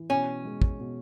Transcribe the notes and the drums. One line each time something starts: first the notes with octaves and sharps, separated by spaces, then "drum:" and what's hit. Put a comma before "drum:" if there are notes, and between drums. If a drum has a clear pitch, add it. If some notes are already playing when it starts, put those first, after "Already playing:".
Already playing: E3
B2 C#4
G#3
drum: kick
B2